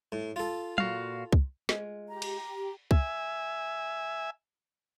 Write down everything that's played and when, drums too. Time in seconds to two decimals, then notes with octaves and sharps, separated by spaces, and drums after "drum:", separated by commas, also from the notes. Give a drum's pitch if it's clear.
0.12 A2
0.36 F4 A4
0.78 A#2 F#4 F5, drum: tom
1.33 drum: kick C2
1.69 G#3 F4, drum: snare
2.08 G4 A#5
2.22 drum: cymbal
2.91 E5 G#5, drum: kick C2